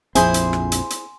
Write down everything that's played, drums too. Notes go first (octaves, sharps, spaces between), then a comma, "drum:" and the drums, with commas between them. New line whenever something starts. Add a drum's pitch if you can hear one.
A#1 F2 C4 E4 G#4 C5 G#5 C6, drum: hi-hat
drum: hi-hat
drum: rim click
drum: hi-hat
drum: hi-hat